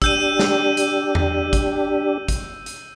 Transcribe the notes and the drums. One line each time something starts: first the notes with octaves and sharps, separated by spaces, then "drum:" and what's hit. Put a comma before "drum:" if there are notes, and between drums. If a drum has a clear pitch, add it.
D4 G4 E6 G6 D#7, drum: kick G#1, hi-hat
drum: snare
drum: hi-hat
drum: tom E2
drum: kick G#1, hi-hat
drum: kick G#1, hi-hat
drum: hi-hat